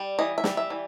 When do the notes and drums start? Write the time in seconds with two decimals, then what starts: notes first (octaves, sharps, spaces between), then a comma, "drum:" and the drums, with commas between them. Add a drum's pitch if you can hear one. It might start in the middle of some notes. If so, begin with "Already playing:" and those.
Already playing: G3
0.19 E3 D#5
0.38 E5
0.44 G3, drum: snare
0.57 E5
0.70 E3